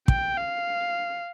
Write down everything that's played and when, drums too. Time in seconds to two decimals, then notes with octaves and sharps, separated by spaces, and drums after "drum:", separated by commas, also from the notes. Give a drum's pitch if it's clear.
0.08 G5, drum: kick
0.37 F5